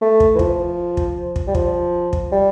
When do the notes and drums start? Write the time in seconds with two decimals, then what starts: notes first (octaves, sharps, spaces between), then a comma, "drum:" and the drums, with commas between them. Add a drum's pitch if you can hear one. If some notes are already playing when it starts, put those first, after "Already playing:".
0.02 A3
0.20 drum: kick
0.35 E3
0.39 F3, drum: kick
0.97 drum: kick
1.36 drum: kick
1.48 G3
1.55 F3, drum: kick
2.13 drum: kick
2.32 G3